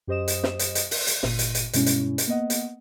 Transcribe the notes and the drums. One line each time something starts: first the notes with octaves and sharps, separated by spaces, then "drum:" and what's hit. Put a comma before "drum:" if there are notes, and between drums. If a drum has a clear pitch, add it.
F#2 G4 C5 D#5 D#6 E7
drum: hi-hat
drum: snare
drum: hi-hat
drum: hi-hat
drum: open hi-hat
drum: hi-hat
G1 A#2 D#7, drum: snare
drum: hi-hat
drum: hi-hat
G2 B2 G#3 C#4 E4, drum: hi-hat
drum: hi-hat
drum: hi-hat
A#3 B3 D#5 F#5
drum: hi-hat